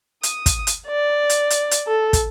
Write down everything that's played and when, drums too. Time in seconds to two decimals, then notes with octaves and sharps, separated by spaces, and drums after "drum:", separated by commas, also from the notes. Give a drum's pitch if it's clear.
0.23 D#6, drum: hi-hat
0.46 drum: kick, hi-hat
0.67 drum: hi-hat
0.88 D5
1.30 drum: hi-hat
1.50 drum: hi-hat
1.71 drum: hi-hat
1.88 A4
2.13 drum: kick, hi-hat